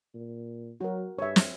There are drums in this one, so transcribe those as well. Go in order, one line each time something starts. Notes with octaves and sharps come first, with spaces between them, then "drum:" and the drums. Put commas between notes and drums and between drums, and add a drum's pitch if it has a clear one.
A#2
F#3 F#4 A#4
G2 C#5 E5
drum: snare